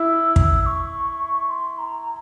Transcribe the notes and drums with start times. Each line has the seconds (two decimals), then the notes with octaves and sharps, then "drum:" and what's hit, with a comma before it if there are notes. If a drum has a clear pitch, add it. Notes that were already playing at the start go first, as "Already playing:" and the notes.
Already playing: E4 E6
0.36 drum: kick
0.62 E6
0.66 C#6
1.49 C6
1.79 A#5